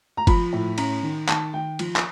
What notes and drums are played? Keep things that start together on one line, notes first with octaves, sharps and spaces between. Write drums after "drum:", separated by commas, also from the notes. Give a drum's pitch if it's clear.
A#5
F3 B5, drum: kick G1, cymbal
A2
C#4 A#5, drum: cymbal
D#3
D#3 A5, drum: clap
D#3 G5
F3, drum: cymbal
drum: clap